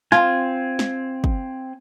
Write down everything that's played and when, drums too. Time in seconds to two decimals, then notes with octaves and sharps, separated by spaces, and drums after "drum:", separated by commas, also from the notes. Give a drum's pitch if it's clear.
0.12 C4 F4 G#5, drum: snare
0.79 drum: snare
1.24 drum: kick